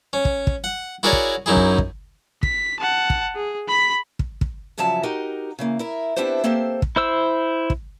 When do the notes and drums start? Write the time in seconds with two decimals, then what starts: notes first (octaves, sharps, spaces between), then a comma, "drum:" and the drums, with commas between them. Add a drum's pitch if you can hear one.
0.13 C#4
0.25 drum: kick
0.47 drum: kick
0.64 F#5
1.03 E4 F#4 G#4 A#4 C#5 D5
1.13 drum: kick
1.46 F#2 D#4 E4 G#4
1.56 drum: kick
1.78 drum: kick
2.43 B6, drum: kick
2.80 F#5 A5
3.10 drum: kick
3.36 G#4
3.68 B5 B6
4.19 drum: kick
4.41 drum: kick
4.78 G2 C#3 F3 F#3 E5 A5
5.03 D#4 F#4 G4 A#4
5.59 C#3 E3 A#3
5.79 E4 A#4
6.16 B3 C4 D4 E4 G4 C5
6.44 A#3 C4 G4 A4 C5
6.82 drum: kick
6.96 E4 C5 E6
7.70 drum: kick